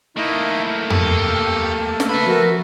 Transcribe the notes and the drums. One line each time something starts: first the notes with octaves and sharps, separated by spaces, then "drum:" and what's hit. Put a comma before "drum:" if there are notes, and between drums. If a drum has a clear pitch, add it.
A3 A#3 D#4 E4 D#5
G4 A4, drum: tom
drum: snare
C#3 A4 B4 E5 B5
F3 F#4 A#4